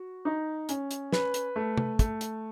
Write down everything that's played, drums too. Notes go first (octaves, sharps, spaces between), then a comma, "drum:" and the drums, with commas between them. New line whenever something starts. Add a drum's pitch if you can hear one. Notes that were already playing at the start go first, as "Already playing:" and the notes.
Already playing: F#4
D#4
C#4, drum: hi-hat
drum: hi-hat
B4, drum: snare
drum: hi-hat
A3
drum: tom
A3, drum: kick, hi-hat
drum: hi-hat